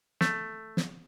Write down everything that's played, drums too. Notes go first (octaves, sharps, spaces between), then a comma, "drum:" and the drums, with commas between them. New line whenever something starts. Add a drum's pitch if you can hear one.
A3, drum: snare
drum: snare